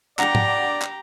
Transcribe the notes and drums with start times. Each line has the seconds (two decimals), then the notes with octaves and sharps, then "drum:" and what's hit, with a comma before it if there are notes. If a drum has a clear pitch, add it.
0.19 D4 G4 D5 F#5 A#5, drum: clap
0.35 drum: tom G#2
0.82 drum: clap